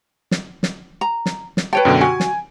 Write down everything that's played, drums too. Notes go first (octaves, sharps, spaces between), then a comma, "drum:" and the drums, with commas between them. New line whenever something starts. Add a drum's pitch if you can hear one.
drum: snare
drum: snare
A#5
drum: snare
drum: snare
B4 C#5 G5 A5 D7
F#2 B2 D3
F#4 G#5
drum: snare